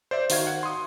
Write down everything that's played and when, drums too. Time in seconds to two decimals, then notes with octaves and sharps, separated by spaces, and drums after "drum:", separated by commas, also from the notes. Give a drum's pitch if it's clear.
0.11 C5 D5 E5
0.30 D#3 F#4 F5 G#6, drum: open hi-hat
0.47 F#5
0.63 C6 D#6